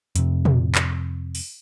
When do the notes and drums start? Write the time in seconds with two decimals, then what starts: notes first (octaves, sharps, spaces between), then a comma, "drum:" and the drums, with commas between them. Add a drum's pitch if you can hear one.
0.16 F2 C3, drum: hi-hat
0.45 drum: tom
0.75 drum: clap
1.35 drum: open hi-hat